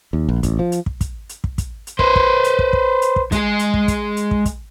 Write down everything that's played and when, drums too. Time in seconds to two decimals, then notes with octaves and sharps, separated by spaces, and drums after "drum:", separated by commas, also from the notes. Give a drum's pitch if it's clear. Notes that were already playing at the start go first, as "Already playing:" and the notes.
0.13 D#2
0.29 A#1
0.43 A1, drum: kick, hi-hat
0.59 F3
0.72 drum: hi-hat
0.86 drum: kick
1.01 drum: kick, hi-hat
1.29 drum: hi-hat
1.44 drum: kick
1.58 drum: kick, hi-hat
1.87 drum: hi-hat
1.99 B4 C5, drum: kick
2.16 drum: kick
2.44 drum: hi-hat
2.59 drum: kick
2.73 drum: kick
3.02 drum: hi-hat
3.16 drum: kick
3.32 G#3 G#4, drum: kick, hi-hat
3.59 drum: hi-hat
3.74 drum: kick
3.88 drum: kick, hi-hat
4.17 drum: hi-hat
4.31 drum: kick
4.45 drum: kick, hi-hat